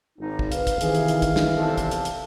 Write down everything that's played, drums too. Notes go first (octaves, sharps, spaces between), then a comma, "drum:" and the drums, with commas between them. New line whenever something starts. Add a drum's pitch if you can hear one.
G#1 D#4
drum: kick
B4 F5, drum: hi-hat
drum: kick, hi-hat
C3 D#3 E3 G#4, drum: hi-hat
drum: hi-hat
drum: hi-hat
drum: kick, hi-hat
drum: snare
E2 C3 A4
drum: kick, hi-hat
drum: hi-hat
drum: hi-hat